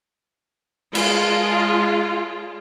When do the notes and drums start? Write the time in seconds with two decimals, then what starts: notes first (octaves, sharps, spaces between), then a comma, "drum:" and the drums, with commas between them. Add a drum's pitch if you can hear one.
0.95 G#3 F4, drum: cymbal